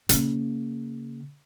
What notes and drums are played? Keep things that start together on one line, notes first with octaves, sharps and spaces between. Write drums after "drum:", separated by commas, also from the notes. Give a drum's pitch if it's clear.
C#3 A#3, drum: hi-hat